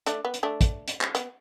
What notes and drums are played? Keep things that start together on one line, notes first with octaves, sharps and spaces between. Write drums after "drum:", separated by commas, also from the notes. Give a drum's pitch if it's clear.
A3 D4, drum: hi-hat
B3
drum: hi-hat
A3 D4
drum: kick, hi-hat
drum: hi-hat
drum: clap
B3, drum: hi-hat